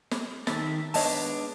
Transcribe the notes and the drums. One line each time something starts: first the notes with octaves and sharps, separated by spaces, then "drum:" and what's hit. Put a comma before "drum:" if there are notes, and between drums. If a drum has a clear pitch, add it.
drum: snare
D#3 E5 A5, drum: snare
G#3 B3 D4 C#5 D#5 A5, drum: open hi-hat